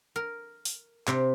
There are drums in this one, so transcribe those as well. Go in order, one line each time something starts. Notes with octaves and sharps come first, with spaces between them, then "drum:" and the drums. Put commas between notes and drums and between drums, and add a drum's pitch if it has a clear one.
A#4
drum: open hi-hat
C3, drum: clap